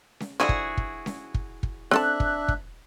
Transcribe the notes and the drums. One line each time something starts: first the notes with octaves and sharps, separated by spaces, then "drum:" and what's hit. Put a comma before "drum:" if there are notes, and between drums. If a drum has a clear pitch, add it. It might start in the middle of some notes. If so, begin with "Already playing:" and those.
drum: snare C#4
D3 E3 F3 E4 F#4 G#4
drum: kick
drum: kick
drum: snare C#4
drum: kick
drum: kick
C4 D4 A4 E5 A5 F#6, drum: snare C#4
drum: kick
drum: kick